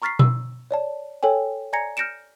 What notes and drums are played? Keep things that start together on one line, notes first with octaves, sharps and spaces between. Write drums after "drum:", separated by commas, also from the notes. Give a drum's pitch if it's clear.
A#5 C#6 F6 A6 B6 C7
E6, drum: tom B2
C#5 D5 A5
A4 C#5 G5 G#5
D5 G#5 A#5 G#6 A#6 C#7
F6 G6 A#6 C#7 D7 E7